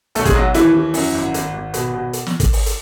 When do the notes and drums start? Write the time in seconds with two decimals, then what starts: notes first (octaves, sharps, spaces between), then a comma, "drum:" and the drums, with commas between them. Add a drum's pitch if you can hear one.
0.15 B1 A3 A4, drum: hi-hat
0.25 G#3 G#4, drum: kick, hi-hat
0.35 B1 F#3 F#4
0.54 D#2 E3 E4, drum: hi-hat
0.74 E3
0.94 F#2, drum: open hi-hat
1.14 G#1
1.34 G#1, drum: hi-hat
1.54 G#1
1.74 B2, drum: hi-hat
1.94 B2
2.13 drum: hi-hat
2.27 drum: snare
2.40 drum: kick, hi-hat
2.53 drum: open hi-hat
2.66 drum: hi-hat